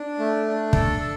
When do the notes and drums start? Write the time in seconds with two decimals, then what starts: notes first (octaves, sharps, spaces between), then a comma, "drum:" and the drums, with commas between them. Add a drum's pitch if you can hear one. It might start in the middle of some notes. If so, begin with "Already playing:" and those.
Already playing: D4
0.19 A3
0.46 D4
0.73 A4, drum: kick
1.00 A4